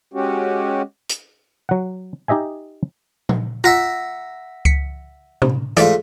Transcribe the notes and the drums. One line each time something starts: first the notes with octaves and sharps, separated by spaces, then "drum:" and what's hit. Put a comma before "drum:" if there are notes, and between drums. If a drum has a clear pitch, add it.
G#3 C#4 F#4 G4
drum: hi-hat
F#3 F#5
D#4 G4 D#5 E5 G#5
drum: tom A#2
F4 E5 F#5 A#5 A#6
B6 C#7, drum: kick C#2
C3, drum: tom A2
G#2 E3 A3 F4 D5, drum: hi-hat